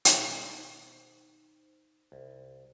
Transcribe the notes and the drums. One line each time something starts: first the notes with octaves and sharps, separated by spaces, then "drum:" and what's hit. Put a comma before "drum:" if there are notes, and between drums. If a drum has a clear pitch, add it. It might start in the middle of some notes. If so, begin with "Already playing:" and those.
B2 D#3 D#4 C5, drum: hi-hat
C2